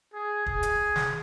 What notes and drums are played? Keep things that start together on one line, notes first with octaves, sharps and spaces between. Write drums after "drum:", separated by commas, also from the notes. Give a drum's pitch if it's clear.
G#4
G#4, drum: kick
drum: hi-hat
drum: snare